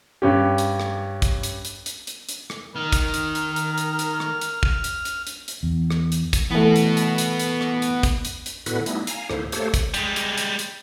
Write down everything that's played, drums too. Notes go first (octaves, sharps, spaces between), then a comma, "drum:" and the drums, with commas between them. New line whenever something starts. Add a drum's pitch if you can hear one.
G2 C#4 G4
drum: hi-hat
drum: rim click
drum: kick, hi-hat
drum: hi-hat
drum: hi-hat
drum: hi-hat
drum: hi-hat
drum: hi-hat
drum: rim click
D#3 A#4 F6
drum: kick, hi-hat
drum: hi-hat
drum: hi-hat
drum: hi-hat
drum: hi-hat
drum: hi-hat
drum: rim click
drum: hi-hat
drum: kick
drum: hi-hat
drum: hi-hat
drum: hi-hat
drum: hi-hat
E2
drum: rim click
drum: hi-hat
drum: kick, hi-hat
E3 A3 B3 F#4
drum: hi-hat
drum: hi-hat
drum: hi-hat
drum: hi-hat
drum: rim click
drum: hi-hat
drum: kick, hi-hat
drum: hi-hat
drum: hi-hat
A2 D3 B3 E4 F#4 B4, drum: hi-hat
G3 A3 B3 D#4 E4, drum: hi-hat
F5 G#5 A#5, drum: hi-hat
D2 G#2 D3 A#3 E4 C5, drum: rim click
A3 A#3 G4 A4 C5 C#5, drum: hi-hat
drum: kick, hi-hat
G3 G#3, drum: hi-hat
drum: hi-hat
drum: hi-hat
drum: hi-hat